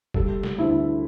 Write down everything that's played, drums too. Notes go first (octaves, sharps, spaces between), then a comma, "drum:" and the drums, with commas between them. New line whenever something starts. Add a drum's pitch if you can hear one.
G3 A4, drum: kick
drum: snare
D2 E4